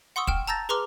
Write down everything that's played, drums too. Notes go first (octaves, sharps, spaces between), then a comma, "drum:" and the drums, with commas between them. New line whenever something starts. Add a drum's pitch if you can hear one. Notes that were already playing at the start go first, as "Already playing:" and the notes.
F#5 C6 C#6 D#6 E6
G5 F6 E7, drum: kick
A5 A#5 E6 G6 A6 A#6
G#4 B4 A#5 C6 D6 F6